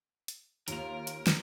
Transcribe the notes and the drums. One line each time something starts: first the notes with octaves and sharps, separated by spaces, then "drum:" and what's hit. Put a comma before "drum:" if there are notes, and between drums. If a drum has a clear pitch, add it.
drum: hi-hat
D#2 F4 A#4 D7 F7, drum: hi-hat
drum: hi-hat
drum: snare